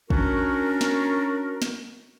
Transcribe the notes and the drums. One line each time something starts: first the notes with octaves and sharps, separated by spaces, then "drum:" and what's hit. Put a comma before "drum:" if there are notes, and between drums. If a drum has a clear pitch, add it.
C#4 D4 F#4 A#4, drum: kick
drum: snare
drum: snare